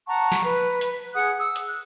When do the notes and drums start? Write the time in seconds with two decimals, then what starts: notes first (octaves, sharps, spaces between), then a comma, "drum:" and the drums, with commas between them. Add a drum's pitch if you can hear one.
0.07 F#5 A5 A#5 C#6
0.32 drum: snare
0.45 B4
0.81 drum: hi-hat
1.14 G#4 F#5 D#6 F#6
1.39 D#6 E6
1.56 drum: hi-hat
1.66 F#6